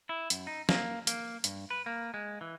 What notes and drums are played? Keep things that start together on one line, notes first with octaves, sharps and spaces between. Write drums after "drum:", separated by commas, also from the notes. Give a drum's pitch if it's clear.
E4
F#2, drum: hi-hat
D#4
A#3, drum: snare
A#3, drum: hi-hat
G2, drum: hi-hat
B4
A#3
G#3
E3